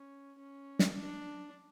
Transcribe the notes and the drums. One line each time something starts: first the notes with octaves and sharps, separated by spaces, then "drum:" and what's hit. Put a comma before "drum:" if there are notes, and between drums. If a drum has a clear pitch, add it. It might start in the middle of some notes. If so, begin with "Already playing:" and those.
Already playing: C#4
C#4
drum: snare
D4